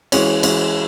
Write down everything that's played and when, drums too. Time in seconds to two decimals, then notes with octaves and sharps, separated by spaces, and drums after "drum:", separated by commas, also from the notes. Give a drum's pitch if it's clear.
0.12 E3 G#3 C#4, drum: cymbal
0.43 E3 G#3 C#4, drum: cymbal